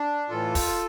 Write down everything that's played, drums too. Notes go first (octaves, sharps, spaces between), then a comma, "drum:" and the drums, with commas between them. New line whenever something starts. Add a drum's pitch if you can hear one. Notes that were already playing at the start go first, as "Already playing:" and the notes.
Already playing: D4
A2 E3 F4 A4
drum: kick, open hi-hat